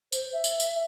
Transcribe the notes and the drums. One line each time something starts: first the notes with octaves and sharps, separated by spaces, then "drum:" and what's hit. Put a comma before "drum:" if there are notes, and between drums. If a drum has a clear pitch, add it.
C5, drum: tambourine
E5
drum: tambourine
drum: tambourine